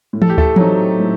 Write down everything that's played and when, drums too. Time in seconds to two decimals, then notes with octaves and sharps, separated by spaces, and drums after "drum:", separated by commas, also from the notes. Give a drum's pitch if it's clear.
0.13 A2
0.22 A4, drum: tom E3
0.30 G4
0.38 A3 A4, drum: kick D2
0.56 F#3 C4 D#4, drum: tom E3
1.00 A2